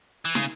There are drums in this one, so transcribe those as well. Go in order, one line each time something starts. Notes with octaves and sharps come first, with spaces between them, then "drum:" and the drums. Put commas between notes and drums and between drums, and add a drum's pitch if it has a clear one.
E3
C#3, drum: snare